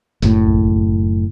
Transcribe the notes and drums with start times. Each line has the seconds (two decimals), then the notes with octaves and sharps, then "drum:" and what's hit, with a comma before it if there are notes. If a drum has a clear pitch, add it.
0.22 F#1 A2, drum: snare
0.47 drum: kick A1